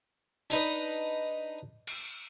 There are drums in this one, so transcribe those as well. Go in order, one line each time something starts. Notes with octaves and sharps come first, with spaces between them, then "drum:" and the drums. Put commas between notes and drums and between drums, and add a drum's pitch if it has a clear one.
D4 D#4 B4 D#5, drum: tambourine
drum: cymbal